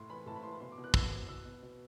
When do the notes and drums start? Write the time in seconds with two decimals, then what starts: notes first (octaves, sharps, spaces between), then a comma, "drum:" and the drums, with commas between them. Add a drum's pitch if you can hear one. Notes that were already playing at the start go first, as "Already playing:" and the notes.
Already playing: A2 C6
0.09 E3 B5
0.26 A2 A5
0.36 B5
0.43 E3 C6
0.52 B5
0.60 B2 C6
0.72 D6
0.78 B2
0.84 F#6
0.94 B2 E6, drum: kick
1.12 B2
1.28 B2 E6
1.45 B2
1.63 B2